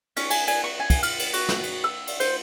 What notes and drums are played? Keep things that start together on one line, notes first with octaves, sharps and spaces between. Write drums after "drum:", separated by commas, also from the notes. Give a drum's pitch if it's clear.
C#4, drum: cymbal
G#5, drum: cymbal
G#5, drum: cymbal
C#6
G#5
drum: kick, cymbal
F6, drum: cymbal
drum: cymbal
F#4, drum: cymbal
drum: snare
drum: cymbal
E6
drum: cymbal
C5, drum: cymbal